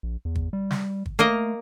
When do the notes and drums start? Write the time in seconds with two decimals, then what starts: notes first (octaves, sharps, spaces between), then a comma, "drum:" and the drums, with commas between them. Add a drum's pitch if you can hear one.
0.03 A#1
0.25 E2
0.35 drum: kick
0.53 G3
0.71 drum: snare
1.06 drum: kick
1.19 A3 A#3 A#4 D#5